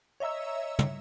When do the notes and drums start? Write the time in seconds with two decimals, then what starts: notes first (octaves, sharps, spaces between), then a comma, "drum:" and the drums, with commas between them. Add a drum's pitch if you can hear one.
0.20 C#5 D#5 E5 A#5 E6
0.79 drum: tom